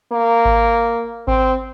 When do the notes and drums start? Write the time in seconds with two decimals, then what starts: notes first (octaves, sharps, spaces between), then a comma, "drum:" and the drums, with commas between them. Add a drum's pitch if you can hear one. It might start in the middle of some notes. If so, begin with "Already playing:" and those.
0.12 A#3
0.45 drum: kick G#1
1.28 C4, drum: kick G#1